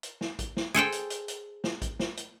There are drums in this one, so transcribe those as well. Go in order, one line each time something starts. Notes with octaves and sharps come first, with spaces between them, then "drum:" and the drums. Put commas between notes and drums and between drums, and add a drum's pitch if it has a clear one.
drum: hi-hat
drum: snare
drum: kick A1, hi-hat
drum: snare
G#4 A4 C5 G5
drum: hi-hat
drum: hi-hat
drum: hi-hat
drum: snare
drum: kick A1, hi-hat
drum: snare
drum: hi-hat